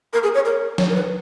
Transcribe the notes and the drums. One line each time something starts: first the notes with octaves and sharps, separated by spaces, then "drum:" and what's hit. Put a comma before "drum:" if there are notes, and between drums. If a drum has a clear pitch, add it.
A#4
G#4
C#5
A#4
C#5, drum: snare F#3
A#4
B4